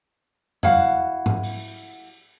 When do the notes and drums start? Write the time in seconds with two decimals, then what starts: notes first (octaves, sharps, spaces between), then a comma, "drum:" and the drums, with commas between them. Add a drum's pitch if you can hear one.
0.63 E4 F#4 F5 F#5, drum: tom F2
1.26 drum: tom G#2
1.43 drum: open hi-hat